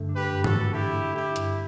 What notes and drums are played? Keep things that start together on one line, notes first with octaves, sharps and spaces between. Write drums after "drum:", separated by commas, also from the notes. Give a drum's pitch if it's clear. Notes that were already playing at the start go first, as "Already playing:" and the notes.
Already playing: G2 D3 A3
D4
G4 B4
G2
F#4 A4, drum: tom G#2
D4
A3 E4 G4
A3
A3 E4 G4
G2, drum: hi-hat